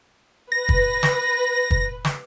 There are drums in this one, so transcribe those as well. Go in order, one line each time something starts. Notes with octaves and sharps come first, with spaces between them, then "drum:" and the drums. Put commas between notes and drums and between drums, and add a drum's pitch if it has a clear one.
B4 A#6
drum: kick
drum: snare
drum: kick
drum: snare